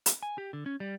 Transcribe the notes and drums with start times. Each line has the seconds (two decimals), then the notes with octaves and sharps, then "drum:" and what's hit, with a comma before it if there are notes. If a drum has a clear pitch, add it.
0.06 drum: hi-hat
0.23 G#5
0.38 G4
0.53 D3
0.66 C#4
0.80 G3